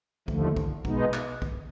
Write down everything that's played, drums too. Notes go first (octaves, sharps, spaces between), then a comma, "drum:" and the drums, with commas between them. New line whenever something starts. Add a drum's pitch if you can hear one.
D#2 D3 F3 A3, drum: kick
drum: kick
B2 G#3 B3 D#4, drum: kick
drum: clap
drum: kick